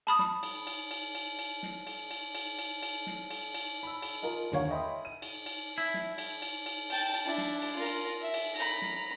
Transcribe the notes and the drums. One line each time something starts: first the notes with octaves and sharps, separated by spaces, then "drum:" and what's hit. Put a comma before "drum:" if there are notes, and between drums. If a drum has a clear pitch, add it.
A5 B5 D#6
drum: snare
drum: cymbal
drum: cymbal
drum: cymbal
drum: cymbal
drum: cymbal
drum: snare
drum: cymbal
drum: cymbal
drum: cymbal
drum: cymbal
drum: cymbal
drum: snare
drum: cymbal
drum: cymbal
B5 E6
drum: cymbal
F4 A#4 D#5
D#2 D3 D#3 C#5 F5, drum: snare
D#5 E5 G5 B5 C6 D#6
D#7
drum: cymbal
drum: cymbal
E4
drum: snare
drum: cymbal
drum: cymbal
drum: cymbal
G5 A5, drum: cymbal
drum: cymbal
D4 E4
drum: snare
drum: cymbal
F4 A#4
drum: cymbal
E5
drum: cymbal
A#5 B5, drum: cymbal
drum: snare